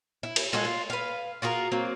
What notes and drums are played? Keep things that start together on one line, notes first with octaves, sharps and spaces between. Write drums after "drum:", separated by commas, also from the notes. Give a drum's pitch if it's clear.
E4
drum: cymbal
G#3 F4 F#4 A4
F4
B4 F5
F4 F#4 G#4 A#4
F#3 A#3 C4